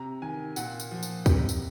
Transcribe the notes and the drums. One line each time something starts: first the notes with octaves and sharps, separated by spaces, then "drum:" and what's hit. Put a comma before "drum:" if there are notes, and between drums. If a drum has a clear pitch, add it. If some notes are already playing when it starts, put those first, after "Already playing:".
Already playing: C3 A#5
D#3 G#5
A#2 F#5, drum: tambourine
drum: tambourine
F3
drum: tambourine
C3, drum: kick, tambourine
drum: tambourine